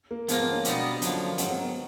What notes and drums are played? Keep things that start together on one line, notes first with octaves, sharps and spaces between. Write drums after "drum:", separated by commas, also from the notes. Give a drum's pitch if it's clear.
A#3
G#2 F3 A#3 B3, drum: hi-hat
C4
C#4
B2 G3 B3 D4 D#4, drum: hi-hat
F#2 D3 F3 A#3, drum: hi-hat
G#2 D#3 F#3 C#4, drum: hi-hat
C4
B3